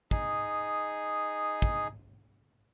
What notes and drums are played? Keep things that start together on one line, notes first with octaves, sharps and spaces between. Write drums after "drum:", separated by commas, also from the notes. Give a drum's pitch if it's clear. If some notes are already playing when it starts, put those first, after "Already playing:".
D#4 G#4, drum: kick
drum: kick